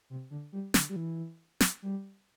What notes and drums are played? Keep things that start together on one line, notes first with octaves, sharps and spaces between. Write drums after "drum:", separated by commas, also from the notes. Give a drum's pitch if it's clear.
C3
D3
G3
D3, drum: snare
G3
E3
drum: snare
G3